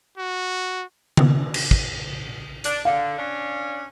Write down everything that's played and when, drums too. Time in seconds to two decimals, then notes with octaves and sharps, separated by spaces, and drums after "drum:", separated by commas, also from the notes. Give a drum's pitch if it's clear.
0.17 F#4
1.17 D#3 B3, drum: tom C#3
1.54 drum: cymbal
1.71 drum: kick
2.64 D4, drum: hi-hat
2.85 D3 F5
3.17 C#4 D4